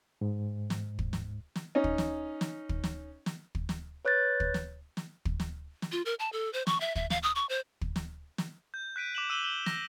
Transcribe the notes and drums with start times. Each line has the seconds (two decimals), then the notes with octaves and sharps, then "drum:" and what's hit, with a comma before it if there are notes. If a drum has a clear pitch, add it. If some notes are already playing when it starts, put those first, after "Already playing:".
0.21 G#2
0.70 drum: snare
0.99 drum: kick
1.13 drum: snare
1.56 drum: snare
1.75 C#4 D#4
1.84 drum: kick
1.98 drum: snare
2.41 drum: snare
2.69 drum: kick
2.84 drum: snare
3.26 drum: snare
3.55 drum: kick
3.69 drum: snare
4.05 B4 C#5 F#6 G6 A6
4.40 drum: kick
4.54 drum: snare
4.97 drum: snare
5.25 drum: kick
5.40 drum: snare
5.82 drum: snare
5.92 F4
6.06 A#4
6.19 A5
6.33 A4
6.53 C5
6.67 C#6, drum: snare
6.80 E5
6.95 E5, drum: kick
7.10 F5, drum: snare
7.23 D#6
7.35 C#6
7.49 C5
7.81 drum: kick
7.96 drum: snare
8.38 drum: snare
8.74 G6
8.96 F#6 B6 D7 D#7
9.15 D6 E7 F#7
9.30 E6 D#7 F#7 G7
9.44 E7 F#7 G7
9.66 E6 A#6, drum: snare